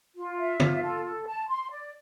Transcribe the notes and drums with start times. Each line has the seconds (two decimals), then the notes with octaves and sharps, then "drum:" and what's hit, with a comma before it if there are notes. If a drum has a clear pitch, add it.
0.16 F4
0.38 E5
0.60 F4, drum: tom D3
0.83 A4
1.04 A4
1.26 A5
1.48 C6
1.69 D5